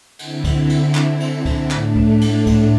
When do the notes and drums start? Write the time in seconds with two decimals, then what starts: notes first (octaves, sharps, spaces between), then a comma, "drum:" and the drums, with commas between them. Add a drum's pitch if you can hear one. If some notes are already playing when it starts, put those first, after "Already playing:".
0.19 D3 C4 E4, drum: cymbal
0.44 drum: kick C#2, cymbal
0.70 drum: cymbal
0.95 drum: clap
1.20 drum: cymbal
1.45 drum: kick C#2, cymbal
1.71 A2 A3 D4, drum: clap
1.96 drum: kick C#2
2.21 drum: cymbal
2.46 drum: kick C#2, cymbal